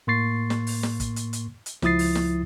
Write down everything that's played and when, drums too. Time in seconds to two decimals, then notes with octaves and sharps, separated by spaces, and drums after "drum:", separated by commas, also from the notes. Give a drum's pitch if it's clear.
0.07 A2 A#3 C6 C#6 A6 C7
0.50 drum: snare
0.67 drum: open hi-hat
0.83 drum: snare
1.00 drum: kick, hi-hat
1.16 drum: hi-hat
1.33 drum: hi-hat
1.66 drum: hi-hat
1.82 C#2 F3 E4 D#6 A6 C7, drum: snare
1.99 drum: open hi-hat
2.15 drum: snare